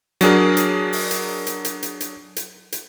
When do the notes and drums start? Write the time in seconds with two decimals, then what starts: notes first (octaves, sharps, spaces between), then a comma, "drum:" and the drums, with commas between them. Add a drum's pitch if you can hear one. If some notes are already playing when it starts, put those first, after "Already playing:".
0.21 F#3 D4 G#4 A#4, drum: hi-hat
0.57 drum: hi-hat
0.93 drum: open hi-hat
1.11 drum: hi-hat
1.47 drum: hi-hat
1.65 drum: hi-hat
1.83 drum: hi-hat
2.01 drum: hi-hat
2.36 drum: hi-hat
2.72 drum: hi-hat